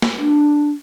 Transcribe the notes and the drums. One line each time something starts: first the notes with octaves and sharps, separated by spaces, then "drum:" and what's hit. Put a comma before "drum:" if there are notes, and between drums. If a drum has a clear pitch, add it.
drum: snare
D4